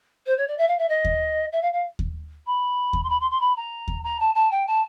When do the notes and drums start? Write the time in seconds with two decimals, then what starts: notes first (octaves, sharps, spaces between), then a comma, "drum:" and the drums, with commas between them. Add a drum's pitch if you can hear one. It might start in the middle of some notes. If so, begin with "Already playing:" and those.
0.26 C5
0.37 C#5
0.47 D5
0.58 E5
0.68 F5
0.78 E5
0.88 D#5
1.05 drum: kick D#2
1.52 E5
1.62 F5
1.73 F5
1.99 drum: kick D#2
2.46 B5
2.93 drum: kick D#2
3.03 C6
3.09 B5
3.20 C6
3.30 C6
3.40 B5
3.56 A#5
3.88 drum: kick D#2
4.03 A#5
4.20 A5
4.35 A5
4.51 G5
4.67 A5